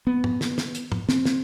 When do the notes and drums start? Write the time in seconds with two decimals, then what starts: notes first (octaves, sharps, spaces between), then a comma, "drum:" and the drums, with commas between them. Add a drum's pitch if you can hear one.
0.07 B3
0.24 drum: tom
0.41 drum: snare
0.58 drum: snare
0.75 drum: hi-hat
0.92 drum: tom
1.09 C4, drum: snare
1.25 drum: snare